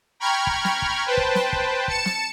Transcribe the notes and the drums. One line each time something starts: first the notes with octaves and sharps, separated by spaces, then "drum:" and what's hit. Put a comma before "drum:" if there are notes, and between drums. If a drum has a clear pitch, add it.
G5 A#5 B5 C#6 F6 G#6
drum: kick
drum: snare
drum: kick
B4 C5 G5 A5
drum: kick
drum: snare
drum: kick
A5 C#7 E7, drum: kick
drum: snare